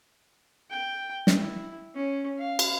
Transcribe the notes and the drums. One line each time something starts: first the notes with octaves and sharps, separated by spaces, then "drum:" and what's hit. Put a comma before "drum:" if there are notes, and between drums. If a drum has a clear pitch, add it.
G5
drum: snare
E4
C#4
F5
drum: cymbal